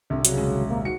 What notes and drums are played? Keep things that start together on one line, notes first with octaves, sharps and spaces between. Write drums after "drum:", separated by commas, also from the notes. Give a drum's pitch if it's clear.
C2 D3
C#3 F#3, drum: hi-hat
D#1 G#3 C#4
C3 A#3
G#2 F#4 C#7